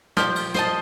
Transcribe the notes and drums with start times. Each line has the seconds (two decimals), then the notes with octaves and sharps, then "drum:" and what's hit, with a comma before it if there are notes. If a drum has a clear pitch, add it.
0.17 F3 G4, drum: snare
0.36 drum: cymbal
0.54 C5 D#5 A5, drum: snare